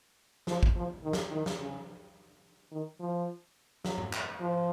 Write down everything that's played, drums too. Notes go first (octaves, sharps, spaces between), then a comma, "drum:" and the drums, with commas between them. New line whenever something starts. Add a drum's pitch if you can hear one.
F3, drum: snare
drum: kick
F3
D#3
drum: snare
D#3
drum: snare
C#3
D#3
F3
F#3, drum: snare
drum: tom G#2
drum: clap
F3